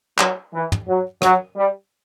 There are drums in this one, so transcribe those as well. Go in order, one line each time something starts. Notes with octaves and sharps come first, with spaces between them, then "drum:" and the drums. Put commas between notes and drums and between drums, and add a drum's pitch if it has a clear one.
F#3, drum: clap
E3
drum: tom
F#3
F#3, drum: rim click
G3